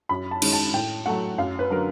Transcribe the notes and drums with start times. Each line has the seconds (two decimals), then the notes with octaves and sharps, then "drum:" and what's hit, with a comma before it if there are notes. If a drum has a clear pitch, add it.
0.09 F#2 B5
0.31 A5
0.42 D#3 G#3 C#4, drum: cymbal
0.53 A5
0.73 A2 G5
1.06 F#3 A3 F#5
1.38 F#2 F5
1.59 B4
1.70 D3 F#3 A#4